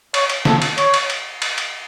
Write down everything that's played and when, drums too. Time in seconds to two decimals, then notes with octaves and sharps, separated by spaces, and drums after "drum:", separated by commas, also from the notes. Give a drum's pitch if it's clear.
0.14 C#5, drum: cymbal
0.30 drum: cymbal
0.45 A4, drum: snare
0.62 drum: cymbal
0.78 C#5, drum: cymbal
0.94 drum: cymbal
1.10 drum: cymbal
1.42 drum: cymbal
1.58 drum: cymbal